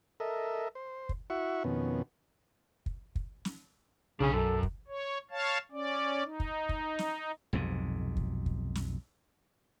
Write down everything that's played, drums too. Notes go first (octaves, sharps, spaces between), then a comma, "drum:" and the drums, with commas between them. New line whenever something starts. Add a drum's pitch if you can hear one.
A4 A#4 D#5 E5
C5
drum: kick
E4 F#4 E5 F#5 C#6
F2 B2 D#3 B3 C#4
drum: kick
drum: kick
drum: snare
B1 C#3 D4 G#5
F#2 A4
drum: kick
C#5
C#5 F5 A5
C#4 D5
D#4
drum: kick
drum: kick
drum: snare
B1 F2 G#2 C3
drum: kick
drum: kick
drum: snare